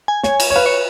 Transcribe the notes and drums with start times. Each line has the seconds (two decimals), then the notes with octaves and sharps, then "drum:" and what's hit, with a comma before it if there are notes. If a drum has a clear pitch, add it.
0.08 G#5
0.23 C#5 G#5, drum: snare
0.40 drum: cymbal
0.50 C#5
0.56 B4 F5
0.66 C#5